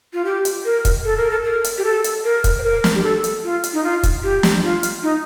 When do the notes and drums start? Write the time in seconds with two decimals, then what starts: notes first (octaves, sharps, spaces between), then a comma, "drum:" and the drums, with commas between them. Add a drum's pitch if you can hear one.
0.14 F4
0.25 G4
0.45 drum: hi-hat
0.65 A#4
0.85 drum: kick, hi-hat
1.05 A4
1.17 A#4
1.31 A4
1.45 A#4
1.64 drum: hi-hat
1.78 G4
1.85 A4
2.04 drum: hi-hat
2.24 A#4
2.44 drum: kick, hi-hat
2.58 C5
2.64 A#4
2.84 drum: snare
2.95 G4
3.04 A4
3.24 drum: hi-hat
3.44 F4
3.64 drum: hi-hat
3.73 D#4
3.83 F4
4.03 drum: kick, hi-hat
4.23 G4
4.43 drum: snare
4.63 F4
4.83 drum: hi-hat
5.03 D#4